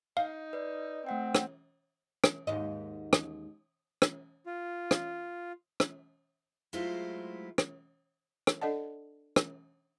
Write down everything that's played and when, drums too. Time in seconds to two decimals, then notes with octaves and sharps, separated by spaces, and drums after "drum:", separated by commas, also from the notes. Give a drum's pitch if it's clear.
0.17 D#4 F5
0.53 B4 D5
1.06 A3 C4 F#5 G5
1.35 drum: rim click
2.24 drum: rim click
2.47 D#2 G#2 D#5
3.13 drum: rim click
4.02 drum: rim click
4.46 F4
4.91 drum: rim click
5.80 drum: rim click
6.73 F#3 G#3 A3 E4 F4 C5
7.58 drum: rim click
8.47 drum: rim click
8.61 D4 A4 D5 D#5 F#5 A5
9.36 drum: rim click